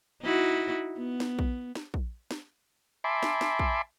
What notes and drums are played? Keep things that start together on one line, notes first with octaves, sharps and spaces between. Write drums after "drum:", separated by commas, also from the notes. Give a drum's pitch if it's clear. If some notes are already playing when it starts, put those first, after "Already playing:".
D#4 E4 F#4
B3
drum: snare
drum: kick A#1
drum: snare
drum: kick A#1
drum: snare
E5 G#5 A5 B5 C6 D6
drum: snare
drum: snare
drum: kick A#1